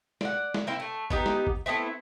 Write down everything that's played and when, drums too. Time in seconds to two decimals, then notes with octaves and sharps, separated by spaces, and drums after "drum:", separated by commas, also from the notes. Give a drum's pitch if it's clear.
0.21 D5 F#5, drum: snare
0.54 drum: snare
0.67 A#3 C4 E4
0.80 A3
1.10 B3 D#4 G4, drum: kick
1.26 drum: snare
1.47 drum: kick
1.66 A3 B3 C4 E4